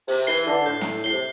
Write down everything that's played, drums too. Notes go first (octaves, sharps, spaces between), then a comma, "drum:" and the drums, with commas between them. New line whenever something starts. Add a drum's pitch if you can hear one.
C3, drum: open hi-hat
E3 C7 G7
D3
A2 G6
drum: snare
A2 C7 G7
C3